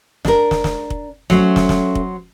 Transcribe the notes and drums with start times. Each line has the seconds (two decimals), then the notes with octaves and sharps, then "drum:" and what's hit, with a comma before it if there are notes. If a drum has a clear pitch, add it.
0.25 D4 A#4, drum: snare
0.51 drum: snare
0.64 drum: snare
0.90 drum: kick
1.30 F#3 A3 C#4 C5, drum: snare
1.56 drum: snare
1.69 drum: snare
1.95 drum: kick